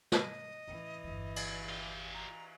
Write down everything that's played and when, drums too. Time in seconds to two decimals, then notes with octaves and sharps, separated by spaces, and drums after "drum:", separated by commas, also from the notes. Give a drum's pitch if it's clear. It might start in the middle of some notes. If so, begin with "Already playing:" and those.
0.12 D#5, drum: snare
0.68 A2 C#3 E3
1.04 G1 E2
1.36 drum: cymbal
1.69 F4 G4
2.14 A#5